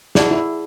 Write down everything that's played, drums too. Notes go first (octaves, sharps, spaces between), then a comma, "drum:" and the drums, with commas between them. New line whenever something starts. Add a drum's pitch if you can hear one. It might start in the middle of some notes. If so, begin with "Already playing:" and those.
E4 G#4 D5 F#5 A5, drum: snare
E4